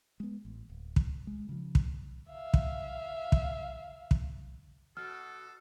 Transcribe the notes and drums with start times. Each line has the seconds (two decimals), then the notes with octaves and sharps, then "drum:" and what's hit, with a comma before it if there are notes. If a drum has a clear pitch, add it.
0.20 G#3 B3
0.45 A1
0.70 D1
0.96 drum: kick
1.27 G#3
1.49 C#3 F3
1.75 drum: kick
2.30 E5 F5
2.54 drum: kick
3.32 drum: kick
4.11 drum: kick
4.97 B2 F#4 A4 F6